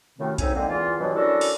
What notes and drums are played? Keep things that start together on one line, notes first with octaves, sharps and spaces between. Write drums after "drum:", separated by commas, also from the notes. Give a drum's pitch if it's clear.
F#2 A2 C3 D#3 A3 C4
D2 C#3 C4 D#4 E5 G#5, drum: kick B1, hi-hat
D3 D#3 G#3 A#3 C4
E2 A#2 E3 F4
G2 B2 E3 F#3
C#4 D4 E4 F#4 A4 A#4
drum: open hi-hat